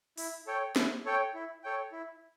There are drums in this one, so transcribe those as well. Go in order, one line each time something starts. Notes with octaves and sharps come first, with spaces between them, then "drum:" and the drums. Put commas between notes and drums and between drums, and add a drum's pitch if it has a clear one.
E4, drum: open hi-hat
A4 C#5 G5
E4, drum: snare
A4 C#5 G5
E4
A4 C#5 G5
E4